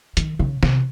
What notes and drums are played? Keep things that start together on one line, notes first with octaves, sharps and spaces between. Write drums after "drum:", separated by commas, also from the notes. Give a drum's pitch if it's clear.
D#3, drum: hi-hat
C#3
C3, drum: snare